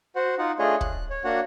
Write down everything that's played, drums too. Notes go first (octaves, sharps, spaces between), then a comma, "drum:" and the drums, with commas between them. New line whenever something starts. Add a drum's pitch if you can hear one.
F#4 C5 F#5
D#4 F4 F#5
A3 D4 F4 G#4 C#5 D#5
F#6, drum: kick
C#5
A#3 D4 F#4 C#5 F#5